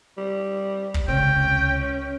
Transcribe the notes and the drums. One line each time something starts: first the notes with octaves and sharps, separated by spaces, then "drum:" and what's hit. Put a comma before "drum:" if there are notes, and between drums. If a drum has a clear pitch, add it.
G3
drum: kick
C#2 C3 C#4 G5